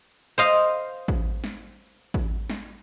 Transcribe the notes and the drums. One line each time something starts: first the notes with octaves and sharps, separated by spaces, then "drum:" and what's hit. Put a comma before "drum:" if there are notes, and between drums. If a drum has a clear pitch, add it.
C5 D#5 F5
drum: kick A1
drum: snare
drum: kick A1
drum: snare